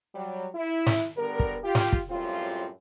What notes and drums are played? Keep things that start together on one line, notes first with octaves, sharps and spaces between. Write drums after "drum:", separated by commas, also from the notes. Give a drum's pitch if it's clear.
F#3 G3
E4
drum: snare
D3 G3 B3 A#4
drum: kick
F4 G4
drum: snare
drum: kick
F#2 A2 G3 C4 F4